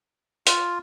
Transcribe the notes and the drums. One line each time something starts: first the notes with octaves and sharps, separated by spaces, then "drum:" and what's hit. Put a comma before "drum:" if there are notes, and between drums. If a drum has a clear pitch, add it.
F4, drum: hi-hat